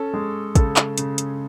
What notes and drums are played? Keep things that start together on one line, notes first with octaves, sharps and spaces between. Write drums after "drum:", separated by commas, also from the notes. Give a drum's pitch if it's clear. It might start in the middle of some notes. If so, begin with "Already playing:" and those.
Already playing: C#4 A4
G#3
C#3 A4, drum: kick, hi-hat
drum: clap
C#3, drum: hi-hat
drum: hi-hat